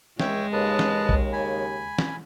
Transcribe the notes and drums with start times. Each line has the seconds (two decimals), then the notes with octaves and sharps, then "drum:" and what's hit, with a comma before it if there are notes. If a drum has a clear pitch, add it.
0.20 C#2 G#3 C#5 E5 G5, drum: snare
0.52 D#2 C#3 B4 D#5 A5
0.79 drum: snare
1.09 drum: kick B1
1.33 G#5 B5
1.98 drum: snare